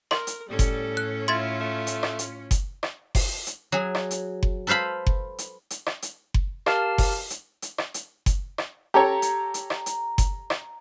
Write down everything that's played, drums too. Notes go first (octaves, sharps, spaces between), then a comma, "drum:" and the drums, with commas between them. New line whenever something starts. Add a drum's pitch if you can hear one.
A#4 C6, drum: rim click
drum: hi-hat
A2 G3 C#4 A4
drum: kick F#1, hi-hat
F#6
E4 F4 C6 G#6 A6
A3
drum: hi-hat
drum: rim click
drum: hi-hat
drum: kick F#1, hi-hat
drum: rim click
drum: kick F#1, open hi-hat
drum: hi-hat
F#3 G#4
drum: rim click
drum: hi-hat
drum: kick F#1
A4 B4 C5 F5 B5
drum: kick F#1
drum: hi-hat
drum: hi-hat
drum: rim click
drum: hi-hat
drum: kick F#1
G4 A#4 F5 A5 F6, drum: rim click
drum: kick F#1, open hi-hat
drum: hi-hat
drum: hi-hat
drum: rim click
drum: hi-hat
drum: kick F#1, hi-hat
drum: rim click
G4 A4 C#5 A#5
drum: hi-hat
drum: hi-hat
drum: rim click
drum: hi-hat
drum: kick F#1, hi-hat
drum: rim click